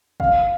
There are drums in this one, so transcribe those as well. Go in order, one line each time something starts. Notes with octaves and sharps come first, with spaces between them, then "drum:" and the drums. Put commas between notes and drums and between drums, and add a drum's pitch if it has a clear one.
F5, drum: kick